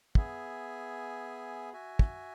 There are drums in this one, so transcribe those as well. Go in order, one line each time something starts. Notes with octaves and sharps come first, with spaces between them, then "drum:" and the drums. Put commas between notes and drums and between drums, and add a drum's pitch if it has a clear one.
B3 G#4 E5 G#5, drum: kick
F#4 E5 G#5
drum: kick